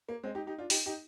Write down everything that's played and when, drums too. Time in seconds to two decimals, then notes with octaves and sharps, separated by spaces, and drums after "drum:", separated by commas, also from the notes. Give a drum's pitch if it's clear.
0.09 A#3
0.23 G#3 C4
0.35 D#4 G4
0.47 D#4 G4
0.58 D4 F4
0.70 D#4 G4, drum: open hi-hat
0.86 D#4 G4